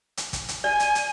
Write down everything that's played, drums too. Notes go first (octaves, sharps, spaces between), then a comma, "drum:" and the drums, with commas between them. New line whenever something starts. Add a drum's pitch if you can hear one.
drum: hi-hat
drum: kick, hi-hat
drum: hi-hat
D5 G#5
drum: hi-hat
drum: hi-hat